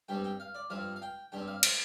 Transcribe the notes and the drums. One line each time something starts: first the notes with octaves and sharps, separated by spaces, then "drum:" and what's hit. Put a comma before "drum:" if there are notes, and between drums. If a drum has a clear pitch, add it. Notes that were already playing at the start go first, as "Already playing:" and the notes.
G2 G3 C4 G5
G5
F5
D5
G2 F3 C4 F5
F5
G5
G2 G3 C4 G5
F5
C5, drum: cymbal